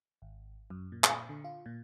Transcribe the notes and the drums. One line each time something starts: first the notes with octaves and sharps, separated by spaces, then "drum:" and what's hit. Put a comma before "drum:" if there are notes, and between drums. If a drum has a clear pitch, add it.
G#1
F#2
A#2
drum: clap
D3
F4
A#2